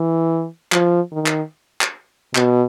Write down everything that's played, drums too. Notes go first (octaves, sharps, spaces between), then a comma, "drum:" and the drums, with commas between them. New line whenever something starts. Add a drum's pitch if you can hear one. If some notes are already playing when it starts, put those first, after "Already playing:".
Already playing: E3
F3, drum: clap
D#3
drum: clap
drum: clap
B2, drum: clap